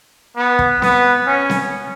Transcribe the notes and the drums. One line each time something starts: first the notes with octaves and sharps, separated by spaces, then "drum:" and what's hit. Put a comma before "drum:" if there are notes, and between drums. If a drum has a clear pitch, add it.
B3
drum: kick
B3, drum: snare C4
C#4
drum: snare C4